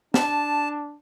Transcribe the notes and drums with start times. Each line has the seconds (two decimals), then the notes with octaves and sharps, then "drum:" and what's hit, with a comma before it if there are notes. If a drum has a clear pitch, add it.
0.14 D4 A5, drum: snare